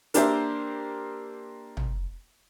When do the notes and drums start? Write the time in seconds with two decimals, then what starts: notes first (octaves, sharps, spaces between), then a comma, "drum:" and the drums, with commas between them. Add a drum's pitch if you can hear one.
0.14 A#3 D4 G4 A#4 C5 E5, drum: hi-hat
1.77 drum: tom